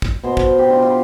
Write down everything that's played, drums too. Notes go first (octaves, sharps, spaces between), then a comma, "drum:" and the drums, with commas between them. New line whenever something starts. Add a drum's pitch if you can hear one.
drum: kick
B2 C5
drum: kick
G4
D4 F4
F4